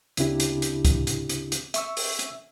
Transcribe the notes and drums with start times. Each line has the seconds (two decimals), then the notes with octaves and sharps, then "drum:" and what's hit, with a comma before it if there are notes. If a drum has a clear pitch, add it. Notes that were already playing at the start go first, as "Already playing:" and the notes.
0.17 D2 C#3 C4 D4 E4 G4, drum: hi-hat
0.40 drum: hi-hat
0.62 drum: hi-hat
0.85 drum: kick C#2, hi-hat
1.07 drum: hi-hat
1.29 drum: hi-hat
1.52 drum: hi-hat
1.74 E5 C#6 E6, drum: hi-hat
1.97 drum: open hi-hat
2.19 drum: hi-hat